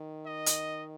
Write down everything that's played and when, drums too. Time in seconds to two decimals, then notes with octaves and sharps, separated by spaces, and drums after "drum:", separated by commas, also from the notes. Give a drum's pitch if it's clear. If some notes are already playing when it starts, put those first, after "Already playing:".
Already playing: D#3
0.26 D#5
0.46 drum: hi-hat